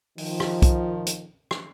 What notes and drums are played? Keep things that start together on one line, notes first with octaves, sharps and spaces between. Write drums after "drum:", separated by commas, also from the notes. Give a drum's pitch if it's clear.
D#3 F3, drum: open hi-hat
drum: rim click
drum: kick B1, hi-hat
drum: hi-hat
drum: rim click